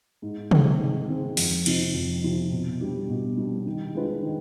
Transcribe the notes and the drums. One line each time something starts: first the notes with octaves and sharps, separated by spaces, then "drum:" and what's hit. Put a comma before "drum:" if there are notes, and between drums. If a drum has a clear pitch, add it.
G#2
D#3 G#3 C4, drum: tom
G#2
D#3 G#3 C4
F2, drum: open hi-hat
C3 F3 C4 D#4, drum: cymbal
F2
C3 F3 C4 D#4
B2
G3 D4 G4
B2
G3 D4 G4
D#3
G#3 D4 F4 B4
D#3